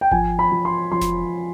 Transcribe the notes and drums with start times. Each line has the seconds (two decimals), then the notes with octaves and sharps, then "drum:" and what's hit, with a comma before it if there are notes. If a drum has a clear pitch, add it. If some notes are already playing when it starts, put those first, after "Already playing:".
0.01 G5
0.11 F3 G#5, drum: kick G#1
0.39 B5
0.52 F3
0.65 C6
0.91 F3 C6
1.01 drum: snare F1